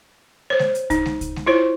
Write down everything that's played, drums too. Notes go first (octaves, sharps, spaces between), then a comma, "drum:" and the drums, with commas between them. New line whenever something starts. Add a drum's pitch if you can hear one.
C5 C#5
drum: snare G#3
drum: hi-hat
D#4, drum: kick C2, hi-hat
drum: snare G#3
drum: kick C2, hi-hat
drum: snare G#3
E4 F4 C5 C#5